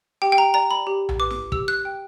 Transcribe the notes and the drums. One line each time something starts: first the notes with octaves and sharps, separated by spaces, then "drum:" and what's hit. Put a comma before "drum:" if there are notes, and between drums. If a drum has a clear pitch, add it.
G4 G5
G5
A#5
D5 A#5
B5
G4
drum: tom A#1
B4 D6
drum: snare
G4 E6, drum: kick
F#6
G5